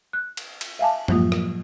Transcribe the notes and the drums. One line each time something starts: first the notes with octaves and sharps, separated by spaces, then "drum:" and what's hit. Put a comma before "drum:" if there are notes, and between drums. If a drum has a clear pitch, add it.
F#6
drum: cymbal
drum: cymbal
E5 F5 G#5 A5
A2 F3 F#3 G#3 A#3 F4, drum: tom F#2
drum: rim click